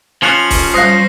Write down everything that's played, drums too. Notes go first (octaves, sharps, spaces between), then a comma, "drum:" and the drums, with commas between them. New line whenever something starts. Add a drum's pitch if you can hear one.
F3 C#4 F4 F#6 C#7 F#7
drum: kick C#1, open hi-hat
G3 C5 F5 D#6 F#6 A#6 C7